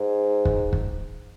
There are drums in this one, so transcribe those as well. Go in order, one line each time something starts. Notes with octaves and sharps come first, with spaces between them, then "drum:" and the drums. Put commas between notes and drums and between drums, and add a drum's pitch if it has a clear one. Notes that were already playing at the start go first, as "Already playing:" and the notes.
Already playing: G#2
drum: kick
drum: kick